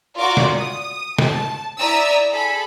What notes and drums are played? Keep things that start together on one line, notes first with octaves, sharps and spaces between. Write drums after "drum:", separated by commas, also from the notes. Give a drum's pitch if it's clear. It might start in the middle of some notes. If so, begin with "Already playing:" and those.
F4 F#4 A#4 D5 D6
drum: snare
D#6
A5, drum: snare
E4 D5 E5 A#5 D#6 E6
G#4 A4 B5